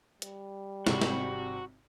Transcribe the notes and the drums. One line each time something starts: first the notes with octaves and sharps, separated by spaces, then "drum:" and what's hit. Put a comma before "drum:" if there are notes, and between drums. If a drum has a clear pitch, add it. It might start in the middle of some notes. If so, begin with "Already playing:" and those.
G3, drum: hi-hat
G#1 C3 C4 F#4, drum: snare
drum: snare